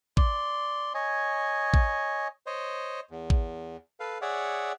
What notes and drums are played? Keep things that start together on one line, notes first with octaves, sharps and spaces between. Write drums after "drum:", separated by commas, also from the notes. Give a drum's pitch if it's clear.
D5 C6, drum: kick
C#5 D#5 G#5
drum: kick
C5 C#5 D#5
E2
drum: kick
A4 B4 F5
G#4 C#5 D5 E5 F#5